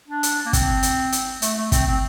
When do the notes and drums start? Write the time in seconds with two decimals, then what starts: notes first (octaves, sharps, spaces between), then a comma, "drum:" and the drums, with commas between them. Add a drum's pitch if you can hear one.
0.08 D4
0.23 drum: hi-hat
0.46 A#3
0.53 C4, drum: kick, hi-hat
0.83 drum: hi-hat
1.12 drum: hi-hat
1.42 A3, drum: hi-hat
1.58 A3
1.72 C4, drum: kick, hi-hat
1.87 C4